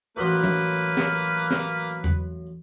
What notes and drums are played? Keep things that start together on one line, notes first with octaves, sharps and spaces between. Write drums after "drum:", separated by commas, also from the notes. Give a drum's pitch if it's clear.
A1 F#3 A#3 B4 C5
drum: tom F3
drum: snare
drum: snare
drum: tom E2